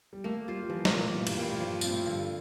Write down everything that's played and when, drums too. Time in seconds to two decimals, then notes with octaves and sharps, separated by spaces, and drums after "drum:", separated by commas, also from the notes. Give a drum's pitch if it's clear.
0.13 G3
0.24 A3 A#3
0.48 G3 F4 C5
0.63 G3
0.70 E3 F3
0.85 C3, drum: snare
0.93 A#3 F4
1.01 A2
1.15 A#2 E3
1.21 A2
1.27 G2, drum: cymbal
1.37 G2 G3 A#3 F4
1.49 A2
1.60 G2 F3
1.81 G2 C4 F4, drum: tambourine
1.91 A2
2.06 G2 D3